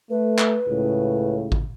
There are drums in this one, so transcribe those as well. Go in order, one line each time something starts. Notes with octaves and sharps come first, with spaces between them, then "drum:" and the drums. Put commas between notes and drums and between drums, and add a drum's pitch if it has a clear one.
A3 B4
drum: clap
C#2 A2 C#3
drum: kick G#1